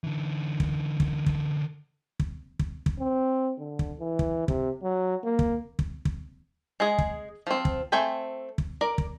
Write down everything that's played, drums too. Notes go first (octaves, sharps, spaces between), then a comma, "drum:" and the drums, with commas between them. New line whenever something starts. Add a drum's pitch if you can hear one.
D3 E3
drum: kick
drum: kick
drum: kick
drum: kick
drum: kick
drum: kick
C4
D3
drum: kick
E3
drum: kick
C3, drum: kick
F#3
A#3
drum: kick
drum: kick
drum: kick
G#3 G#4
drum: kick
F3 C4
drum: kick
A3 C4 G5 G#5 B5
drum: kick
A#4 D5
drum: kick